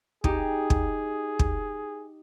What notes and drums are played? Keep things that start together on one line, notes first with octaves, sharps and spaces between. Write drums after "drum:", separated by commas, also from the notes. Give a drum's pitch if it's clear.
D#4 G4 G#4, drum: kick
drum: kick
drum: kick